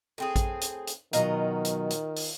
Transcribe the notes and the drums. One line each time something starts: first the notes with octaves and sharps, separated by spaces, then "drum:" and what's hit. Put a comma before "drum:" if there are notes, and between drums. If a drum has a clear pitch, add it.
A2 C4 G#4
drum: kick A1, hi-hat
drum: hi-hat
drum: hi-hat
B2 D#3 F#3 F4 D#5 A#5, drum: hi-hat
drum: hi-hat
drum: hi-hat
drum: open hi-hat